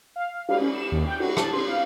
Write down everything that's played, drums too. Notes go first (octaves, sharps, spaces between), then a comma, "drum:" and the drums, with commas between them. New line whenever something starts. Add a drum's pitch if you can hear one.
F5
F5
F5, drum: cymbal
C#4
E7
D#2
G5
F#4, drum: cymbal
A5, drum: rim click
C6, drum: cymbal
F5